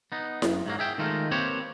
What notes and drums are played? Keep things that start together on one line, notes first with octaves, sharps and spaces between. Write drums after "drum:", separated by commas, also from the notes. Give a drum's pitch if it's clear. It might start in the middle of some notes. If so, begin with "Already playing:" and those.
B3 D#4
F#2, drum: snare E4
G#2 F#3 A#3
G#4 E5 G5
D#3 G#3 A3 D#4 F4 A#4
A#3 C4 G4 B4 C#5